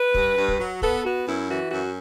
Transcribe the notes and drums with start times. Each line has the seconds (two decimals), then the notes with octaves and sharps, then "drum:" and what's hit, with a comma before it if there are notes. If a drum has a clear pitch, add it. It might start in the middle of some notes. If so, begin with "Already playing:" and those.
Already playing: B4
0.14 G2, drum: kick
0.37 G2
0.48 drum: kick
0.59 F#3
0.82 B3 A4, drum: kick
1.05 B3 F#4
1.27 F#2 E4
1.49 E3 F#4
1.71 F#2 F#4